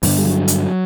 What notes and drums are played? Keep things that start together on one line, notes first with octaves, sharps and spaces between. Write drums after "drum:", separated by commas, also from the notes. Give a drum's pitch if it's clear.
G2 D3 E3, drum: open hi-hat
G3
F#3
drum: hi-hat